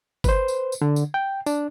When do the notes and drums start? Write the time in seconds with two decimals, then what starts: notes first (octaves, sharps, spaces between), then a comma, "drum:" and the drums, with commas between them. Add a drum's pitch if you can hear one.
0.24 B4 C5, drum: kick G1, tambourine
0.48 drum: tambourine
0.72 drum: tambourine
0.82 D3
0.96 drum: tambourine
1.14 G5
1.46 D4, drum: tambourine